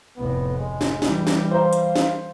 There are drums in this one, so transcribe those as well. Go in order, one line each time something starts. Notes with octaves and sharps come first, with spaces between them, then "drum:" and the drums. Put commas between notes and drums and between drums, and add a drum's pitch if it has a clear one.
F1 A2 B3
G#3
drum: snare
E3 G3, drum: snare
drum: snare
C5 F5 A#5
drum: hi-hat
drum: snare